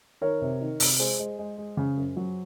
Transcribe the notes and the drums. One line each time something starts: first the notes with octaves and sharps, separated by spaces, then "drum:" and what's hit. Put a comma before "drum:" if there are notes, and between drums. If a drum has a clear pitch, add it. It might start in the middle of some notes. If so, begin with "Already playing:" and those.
D#3 A#4 C#5
C3
D#3
C3, drum: open hi-hat
G#3 G#4 C5
G#3
G#3
G#3
C#3
F#2
F#3